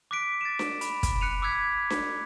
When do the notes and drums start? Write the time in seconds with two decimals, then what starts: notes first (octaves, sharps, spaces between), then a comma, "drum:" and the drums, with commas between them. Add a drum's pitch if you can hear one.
0.11 D6 F#6 B6 D7
0.41 A6 E7
0.59 drum: snare D4
0.81 B5, drum: hi-hat
1.03 drum: kick, hi-hat
1.21 F#6 C#7 D#7 F7
1.42 D6 E6 F#6 G#6 B6
1.90 drum: snare D4